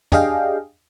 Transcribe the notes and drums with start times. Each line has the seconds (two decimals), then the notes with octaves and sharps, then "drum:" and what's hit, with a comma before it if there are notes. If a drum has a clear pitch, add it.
0.12 D4 G4 G#4 D#5 F5 G5, drum: tom